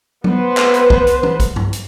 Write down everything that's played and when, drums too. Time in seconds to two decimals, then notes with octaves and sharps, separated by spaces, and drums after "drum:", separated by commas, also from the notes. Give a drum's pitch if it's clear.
0.24 B3 B4 C5, drum: tom F#3
0.57 drum: clap
0.74 drum: hi-hat
0.90 drum: kick
1.07 drum: hi-hat
1.23 drum: tom E3
1.40 drum: kick, hi-hat
1.56 drum: tom G2
1.73 drum: hi-hat